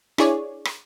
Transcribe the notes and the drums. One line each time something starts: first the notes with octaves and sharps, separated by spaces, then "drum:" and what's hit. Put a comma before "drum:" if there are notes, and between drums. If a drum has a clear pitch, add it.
D4 E4 G#4 C#5 D5, drum: rim click
drum: rim click